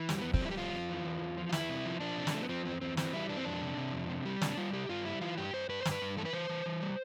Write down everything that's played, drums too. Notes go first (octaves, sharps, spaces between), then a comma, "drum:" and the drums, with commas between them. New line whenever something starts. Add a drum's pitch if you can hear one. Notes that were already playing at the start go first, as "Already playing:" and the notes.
Already playing: E3
F2 G3, drum: snare
F2 B3
C4, drum: kick
G3 E4
G4
F2 F4
F2
E3
E2
E2
F3
F4
E2 E4, drum: snare
C3
F3
F3 D4
C3
G3, drum: snare
F3 A3
B3
F3 C4
E2 C4
E2 C4
E3 C4, drum: snare
G3 E4
E3 D4
C4
F2 D4
C3
C3
F2
C3
G3
C3 D4, drum: snare
G3 F4
C3 G4
G2 F4
G3 E4
E3 F4
G2 G4
G2 C5
G2 B4
C5
G2, drum: snare
B4
G2
E3 A4
B4
E3 C5
E3
E3
G3